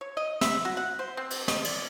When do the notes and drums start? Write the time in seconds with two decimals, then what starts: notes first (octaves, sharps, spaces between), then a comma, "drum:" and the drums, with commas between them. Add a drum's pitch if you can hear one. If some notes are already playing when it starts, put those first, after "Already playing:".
0.01 C#5
0.17 D#5
0.41 E5, drum: snare
0.65 F#4
0.77 F#5
0.99 C5
1.17 C4
1.30 drum: cymbal
1.48 D#5, drum: snare
1.64 D5, drum: cymbal